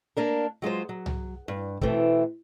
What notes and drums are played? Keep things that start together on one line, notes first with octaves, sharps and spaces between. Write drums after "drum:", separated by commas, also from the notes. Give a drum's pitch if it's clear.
A#3 D4 A#4
F#3 G#3 F4 C5
F#3
drum: tom C2
G2
B2 E3 A3 C4, drum: kick